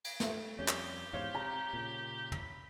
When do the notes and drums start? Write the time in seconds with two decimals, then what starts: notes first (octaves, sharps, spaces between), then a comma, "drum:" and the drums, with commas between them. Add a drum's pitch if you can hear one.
0.04 drum: cymbal
0.20 A3 E5, drum: snare
0.59 F2 G3 C#4 G4
0.68 drum: clap
1.13 E2 G#2 C3 C5 C#5 F5
1.35 C3 A#5
1.73 A#2 C#3
2.32 B5, drum: tom